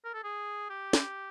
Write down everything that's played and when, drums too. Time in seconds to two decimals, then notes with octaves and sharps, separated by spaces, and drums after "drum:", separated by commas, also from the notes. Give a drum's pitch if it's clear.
0.05 A#4
0.14 A4
0.24 G#4
0.70 G4
0.93 drum: snare